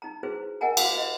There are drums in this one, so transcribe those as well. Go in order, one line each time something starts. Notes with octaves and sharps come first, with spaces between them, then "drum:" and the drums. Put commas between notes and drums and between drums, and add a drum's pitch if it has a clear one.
D#4 A#5
E4 F#4 G#4 B4 C5
A#4 D#5 F#5 G#5 A#5
E4 F#4 F5 D6, drum: cymbal
F#4 D#5